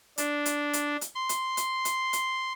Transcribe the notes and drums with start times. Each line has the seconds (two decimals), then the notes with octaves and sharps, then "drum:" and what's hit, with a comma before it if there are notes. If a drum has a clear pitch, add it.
0.18 D4, drum: hi-hat
0.45 drum: hi-hat
0.73 drum: hi-hat
1.01 drum: hi-hat
1.15 C6
1.29 drum: hi-hat
1.57 drum: hi-hat
1.85 drum: hi-hat
2.13 drum: hi-hat